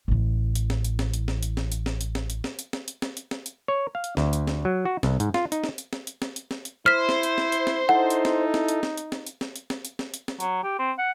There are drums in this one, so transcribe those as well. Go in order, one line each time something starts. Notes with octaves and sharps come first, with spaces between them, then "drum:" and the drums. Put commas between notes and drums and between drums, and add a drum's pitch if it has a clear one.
A1 E3
drum: hi-hat
drum: snare
drum: hi-hat
drum: snare
drum: hi-hat
drum: snare
drum: hi-hat
drum: snare
drum: hi-hat
drum: snare
drum: hi-hat
drum: snare
drum: hi-hat
drum: snare
drum: hi-hat
drum: snare
drum: hi-hat
drum: snare
drum: hi-hat
drum: snare
drum: hi-hat
C#5
F5
drum: hi-hat
D2, drum: snare
drum: hi-hat
drum: snare
F#3
F#4
C2, drum: snare
G#2, drum: hi-hat
F4, drum: snare
D#4, drum: hi-hat
drum: snare
drum: hi-hat
drum: snare
drum: hi-hat
drum: snare
drum: hi-hat
drum: snare
drum: hi-hat
E4 C5 F6 B6
drum: snare
drum: hi-hat
drum: snare
drum: hi-hat
drum: snare
D#4 E4 A4 F#5
drum: hi-hat
drum: snare
drum: snare
drum: hi-hat
drum: snare
drum: hi-hat
drum: snare
drum: hi-hat
drum: snare
drum: hi-hat
drum: snare
drum: hi-hat
drum: snare
drum: hi-hat
drum: snare
F#3, drum: hi-hat
G4
C4
F#5